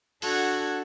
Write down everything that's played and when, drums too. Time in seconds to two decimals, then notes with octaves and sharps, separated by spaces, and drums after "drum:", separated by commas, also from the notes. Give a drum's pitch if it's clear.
0.22 D4 F#4 A4 F#5 A5 G#6, drum: open hi-hat